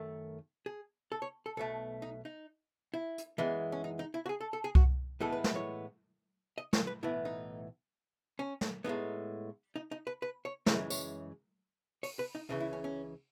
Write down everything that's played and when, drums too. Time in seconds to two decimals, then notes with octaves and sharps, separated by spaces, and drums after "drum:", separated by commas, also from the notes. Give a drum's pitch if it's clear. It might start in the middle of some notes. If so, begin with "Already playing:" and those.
Already playing: F#2 D#3 A3
0.66 G#4
1.12 A4
1.22 C#5
1.46 A4
1.57 B1 B2 A3 A4
2.02 D#4
2.25 D#4
2.94 E4
3.18 drum: hi-hat
3.38 F#2 E3 G#3 B3
3.72 C#4
3.84 D#4
3.99 D#4
4.14 E4
4.26 F#4
4.29 G#4
4.41 A4
4.53 A4
4.64 G#4
4.75 F#4, drum: kick C2
5.20 A2 E3 G#3 B3 A4
5.32 B4
5.44 B4, drum: snare
5.56 C#5
6.58 D#5
6.73 C#5, drum: snare
6.87 B4
7.03 B1 A2 E3 B3 E4
7.25 D#4
8.39 C#4
8.61 drum: snare
8.84 A2 G#3 B3 D#4
9.76 D#4
9.91 D#4
10.07 B4
10.22 B4
10.45 C#5
10.66 F#2 C#3 E3 G#3 C#5, drum: snare
10.90 C#5, drum: tambourine
12.03 C#5, drum: open hi-hat
12.19 B4
12.35 D#4
12.49 C#2 C#3 E3 D#4
12.60 E4
12.73 C#4
12.84 C#4